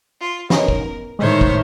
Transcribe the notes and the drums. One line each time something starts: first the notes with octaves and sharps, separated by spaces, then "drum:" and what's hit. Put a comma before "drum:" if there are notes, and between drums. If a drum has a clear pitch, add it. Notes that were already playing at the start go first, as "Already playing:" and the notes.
F4
B3 C#4 D#4 A#4, drum: snare
drum: kick
A2 D#3 G#3 C5 C#5 E5
drum: kick